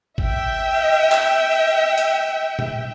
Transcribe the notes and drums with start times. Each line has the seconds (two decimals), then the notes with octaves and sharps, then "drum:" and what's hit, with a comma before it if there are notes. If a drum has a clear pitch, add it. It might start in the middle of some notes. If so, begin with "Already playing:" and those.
0.18 E5 G5, drum: kick G#1
1.12 drum: clap
1.98 drum: hi-hat
2.59 drum: tom A#2